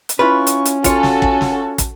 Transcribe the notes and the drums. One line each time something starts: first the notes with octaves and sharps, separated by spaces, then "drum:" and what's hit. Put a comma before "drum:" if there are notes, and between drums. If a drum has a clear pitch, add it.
drum: hi-hat
C#4 E4 F4 B4 C#6
drum: hi-hat
drum: hi-hat
F4 F#4 A4 C#5 G#5, drum: kick, hi-hat
drum: snare
drum: kick
drum: snare
drum: kick, hi-hat